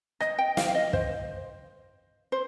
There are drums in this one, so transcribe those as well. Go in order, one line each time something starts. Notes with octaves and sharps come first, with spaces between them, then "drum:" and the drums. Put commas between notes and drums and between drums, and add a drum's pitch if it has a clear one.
D#5, drum: rim click
G5
F5, drum: snare
F5
D#5
C5, drum: kick
C5